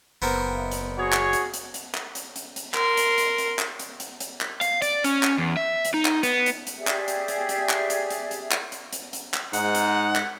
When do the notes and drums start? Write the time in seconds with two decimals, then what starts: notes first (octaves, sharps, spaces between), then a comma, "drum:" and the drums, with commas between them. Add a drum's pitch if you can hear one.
0.22 F#1 B3 C4 A#4
0.72 drum: hi-hat
0.98 F#4 G#4 C#5
1.13 drum: clap
1.33 drum: hi-hat
1.54 drum: hi-hat
1.74 drum: hi-hat
1.95 drum: clap
2.15 drum: hi-hat
2.36 drum: hi-hat
2.56 drum: hi-hat
2.74 A#4 C6, drum: clap
2.97 drum: hi-hat
3.18 drum: hi-hat
3.38 drum: hi-hat
3.59 drum: clap
3.79 drum: hi-hat
4.00 drum: hi-hat
4.20 drum: hi-hat
4.41 drum: clap
4.61 F5, drum: hi-hat
4.82 D5, drum: hi-hat
5.04 C#4, drum: hi-hat
5.23 drum: clap
5.38 E2
5.57 E5
5.85 drum: hi-hat
5.94 D#4
6.05 drum: clap
6.23 B3, drum: hi-hat
6.46 drum: hi-hat
6.67 drum: hi-hat
6.78 G4 G#4 D5 E5
6.87 drum: clap
7.08 drum: hi-hat
7.28 drum: hi-hat
7.49 drum: hi-hat
7.69 drum: clap
7.90 drum: hi-hat
8.10 drum: hi-hat
8.31 drum: hi-hat
8.51 drum: clap
8.72 drum: hi-hat
8.93 drum: hi-hat
9.13 drum: hi-hat
9.34 drum: clap
9.53 G#2 D#4 F#5, drum: hi-hat
9.75 drum: hi-hat
10.16 drum: clap